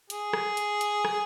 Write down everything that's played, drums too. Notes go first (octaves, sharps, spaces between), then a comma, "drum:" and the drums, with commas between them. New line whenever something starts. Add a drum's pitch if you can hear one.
G#4, drum: hi-hat
drum: rim click
drum: hi-hat
drum: hi-hat
drum: rim click